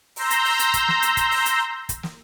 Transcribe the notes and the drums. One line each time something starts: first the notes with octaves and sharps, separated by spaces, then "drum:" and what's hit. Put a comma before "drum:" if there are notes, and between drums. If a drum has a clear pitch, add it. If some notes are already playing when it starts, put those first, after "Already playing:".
A#5 C6 E6 G6 A#6, drum: open hi-hat
drum: hi-hat
drum: open hi-hat
drum: hi-hat
drum: kick, hi-hat
drum: snare
drum: hi-hat
drum: kick, hi-hat
drum: open hi-hat
drum: hi-hat
drum: kick, hi-hat
drum: snare